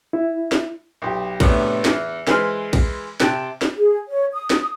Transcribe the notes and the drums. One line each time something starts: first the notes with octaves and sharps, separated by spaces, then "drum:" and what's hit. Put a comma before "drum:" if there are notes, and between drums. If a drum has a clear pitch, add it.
E4
drum: snare
B1 G4
E2 A2 C3 A3 B3 D4, drum: kick A#1, cymbal
E2, drum: snare
E3 G#3 B4 C5 B5 F6, drum: snare
drum: kick A#1, cymbal
C3 G5 A5 F#6, drum: snare
drum: snare
G#4
C#5
D#6
drum: snare